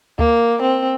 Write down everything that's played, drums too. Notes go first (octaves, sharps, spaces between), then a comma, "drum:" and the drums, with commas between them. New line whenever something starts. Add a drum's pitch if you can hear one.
A#3, drum: kick D2
C4